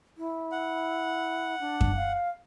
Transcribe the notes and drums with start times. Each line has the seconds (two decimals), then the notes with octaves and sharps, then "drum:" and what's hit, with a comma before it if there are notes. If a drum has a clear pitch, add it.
0.17 E4
0.52 F#5
1.60 D4
1.81 drum: kick F#2
1.96 F5